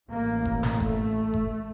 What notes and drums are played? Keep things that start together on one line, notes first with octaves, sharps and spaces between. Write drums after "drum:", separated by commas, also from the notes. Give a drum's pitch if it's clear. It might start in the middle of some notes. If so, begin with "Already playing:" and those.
A1 A2 A#3
drum: kick F#1
drum: snare
A3, drum: kick F#1
drum: kick F#1